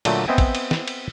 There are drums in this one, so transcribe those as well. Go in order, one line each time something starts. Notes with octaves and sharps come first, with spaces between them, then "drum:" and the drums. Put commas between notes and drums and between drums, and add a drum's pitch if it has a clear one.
A#2 D3 F#3 A3, drum: cymbal
B3 C4 D#5 E5 G5 G#5
drum: kick, cymbal
drum: cymbal
drum: snare
drum: cymbal